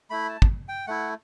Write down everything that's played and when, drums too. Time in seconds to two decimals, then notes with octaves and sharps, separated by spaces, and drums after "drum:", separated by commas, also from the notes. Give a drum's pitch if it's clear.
0.10 A3 E4 B5
0.29 A5
0.42 drum: kick
0.68 G5
0.87 A3 E4 F#5